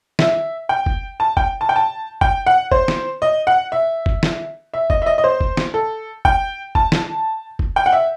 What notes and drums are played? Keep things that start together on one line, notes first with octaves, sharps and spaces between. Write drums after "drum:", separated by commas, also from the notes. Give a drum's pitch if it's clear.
E5, drum: snare
G5
drum: kick
A5
G5, drum: kick
A5
G5
A5
G5, drum: kick
F#5
C5, drum: kick
drum: snare
D#5
F#5
E5
drum: kick
drum: snare
E5
D#5, drum: kick
E5
D#5
D#5
C5
drum: kick
drum: snare
A4
G5, drum: kick
A5, drum: kick
drum: snare
drum: kick
G5
F#5
E5